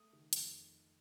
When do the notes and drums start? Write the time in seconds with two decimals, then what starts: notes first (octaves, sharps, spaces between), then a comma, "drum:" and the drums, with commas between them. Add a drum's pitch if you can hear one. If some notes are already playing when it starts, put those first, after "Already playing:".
Already playing: A3 D#6
0.13 D#3
0.33 F2, drum: hi-hat